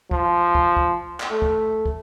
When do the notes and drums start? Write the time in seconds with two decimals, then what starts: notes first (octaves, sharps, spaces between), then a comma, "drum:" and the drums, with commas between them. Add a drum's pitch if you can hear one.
0.11 F3, drum: kick
0.55 drum: kick
0.77 drum: kick
1.20 drum: clap
1.31 A3
1.42 drum: kick
1.86 drum: kick